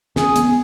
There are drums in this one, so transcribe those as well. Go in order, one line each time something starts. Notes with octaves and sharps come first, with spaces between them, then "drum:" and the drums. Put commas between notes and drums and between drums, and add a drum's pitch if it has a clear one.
C#4 G#4, drum: snare
B3, drum: hi-hat